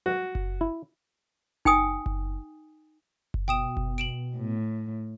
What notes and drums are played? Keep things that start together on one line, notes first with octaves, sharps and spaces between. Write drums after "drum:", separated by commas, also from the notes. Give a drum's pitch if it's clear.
F#4
drum: kick F#1
E4
D#4 G5 G#5 D#6, drum: kick F#1
drum: kick F#1
drum: kick F#1
B2 G5 D#6 E7
drum: kick F#1
D7 E7 F#7
A2